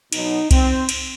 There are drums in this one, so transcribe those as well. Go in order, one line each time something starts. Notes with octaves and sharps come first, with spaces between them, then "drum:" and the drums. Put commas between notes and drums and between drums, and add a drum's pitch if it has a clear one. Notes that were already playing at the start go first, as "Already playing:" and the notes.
B2 F#3 D#4, drum: cymbal
C4, drum: kick C2, cymbal
drum: cymbal